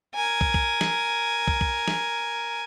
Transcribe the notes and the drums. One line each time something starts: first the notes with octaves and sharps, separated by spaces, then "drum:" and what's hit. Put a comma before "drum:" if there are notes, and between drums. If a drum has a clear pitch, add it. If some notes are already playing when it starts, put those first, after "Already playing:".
A#4 G#5
drum: kick
drum: kick
drum: snare
drum: kick
drum: kick
drum: snare